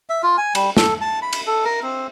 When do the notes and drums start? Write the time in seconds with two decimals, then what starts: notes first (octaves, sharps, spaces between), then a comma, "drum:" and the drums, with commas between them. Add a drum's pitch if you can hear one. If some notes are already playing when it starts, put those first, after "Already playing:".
0.10 E5
0.23 F4
0.38 G#5
0.55 G3, drum: cymbal
0.77 A4, drum: snare
1.01 A5
1.22 B5
1.33 drum: cymbal
1.47 A4
1.65 A#4
1.83 C4